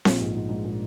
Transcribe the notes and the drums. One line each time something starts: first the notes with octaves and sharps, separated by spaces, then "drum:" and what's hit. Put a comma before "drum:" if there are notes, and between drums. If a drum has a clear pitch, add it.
A#1 A#2, drum: snare C4
G#2
G#2
G#2
A#2